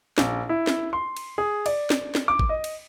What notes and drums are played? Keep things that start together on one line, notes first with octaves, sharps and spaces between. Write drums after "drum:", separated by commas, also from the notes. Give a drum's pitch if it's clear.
A#1, drum: snare
E4
drum: snare
C6
drum: cymbal
G#4
D5, drum: cymbal
drum: snare
drum: snare
D6
drum: kick
D#5
drum: cymbal